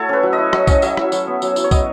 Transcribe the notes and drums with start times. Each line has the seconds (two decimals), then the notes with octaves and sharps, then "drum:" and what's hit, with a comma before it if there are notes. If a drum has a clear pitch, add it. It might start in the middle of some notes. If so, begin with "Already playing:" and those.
Already playing: A3 E4 F#4 A4 C#5 F#5
0.09 C#4 B4
0.23 F#3
0.33 D#5
0.38 E4
0.53 F#3 D#5, drum: rim click
0.67 C#4, drum: kick, tambourine
0.82 F#3 E5, drum: tambourine
0.97 E4, drum: rim click
1.12 F#3, drum: tambourine
1.27 B3
1.42 F#3, drum: tambourine
1.56 E4, drum: tambourine
1.64 C#5
1.71 F#3 D#5, drum: kick, tambourine